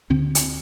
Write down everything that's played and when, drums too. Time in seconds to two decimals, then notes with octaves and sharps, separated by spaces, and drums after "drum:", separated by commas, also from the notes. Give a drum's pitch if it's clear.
0.10 D2 D3 C4
0.35 drum: hi-hat